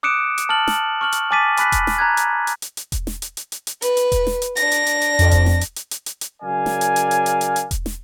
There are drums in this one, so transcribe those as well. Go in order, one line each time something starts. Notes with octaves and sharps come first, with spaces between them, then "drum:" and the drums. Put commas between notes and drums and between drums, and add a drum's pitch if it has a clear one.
D6 D#6 F#6 C#7 D7 E7
drum: hi-hat
A5 F6 A6 F#7
drum: snare
C#6 F6 F#7
drum: hi-hat
G#5 A5 D6 A6 B6 D#7
G#5 B5 F#6 B6, drum: hi-hat
drum: kick E1, hi-hat
drum: snare
A#5 F#6 G#6
drum: hi-hat
drum: hi-hat
drum: hi-hat
drum: hi-hat
drum: kick E1, hi-hat
drum: snare
drum: hi-hat
drum: hi-hat
drum: hi-hat
drum: hi-hat
B4, drum: hi-hat
drum: hi-hat
drum: kick E1, hi-hat
drum: snare
drum: hi-hat
D4 A#6, drum: hi-hat
drum: hi-hat
drum: hi-hat
drum: hi-hat
F2, drum: hi-hat
drum: kick E1, hi-hat
drum: snare
drum: hi-hat
drum: hi-hat
drum: hi-hat
drum: hi-hat
drum: hi-hat
C#3 F#3 A#4 D5 F5 G#5
drum: snare
drum: hi-hat
drum: hi-hat
drum: hi-hat
drum: hi-hat
drum: hi-hat
drum: hi-hat
drum: kick E1, hi-hat
drum: snare